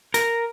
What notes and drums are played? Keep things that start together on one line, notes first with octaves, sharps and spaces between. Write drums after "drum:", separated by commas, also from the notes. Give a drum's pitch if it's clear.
A#4, drum: hi-hat